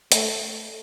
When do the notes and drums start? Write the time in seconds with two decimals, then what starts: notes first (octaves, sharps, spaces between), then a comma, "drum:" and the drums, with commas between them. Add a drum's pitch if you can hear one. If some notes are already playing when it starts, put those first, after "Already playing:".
0.12 A3, drum: hi-hat